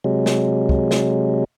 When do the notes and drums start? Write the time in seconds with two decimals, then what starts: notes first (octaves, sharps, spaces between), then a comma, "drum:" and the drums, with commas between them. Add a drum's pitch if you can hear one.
0.04 C3 F#3 G#3
0.26 drum: snare
0.69 drum: kick
0.91 drum: snare